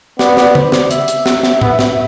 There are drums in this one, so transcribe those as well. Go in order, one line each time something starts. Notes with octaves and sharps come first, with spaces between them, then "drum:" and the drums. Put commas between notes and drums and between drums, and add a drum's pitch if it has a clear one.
B3 D5, drum: snare
D5, drum: snare
C5, drum: tom
D5, drum: snare
E5, drum: hi-hat
drum: hi-hat
drum: snare
drum: snare
B3, drum: tom
drum: snare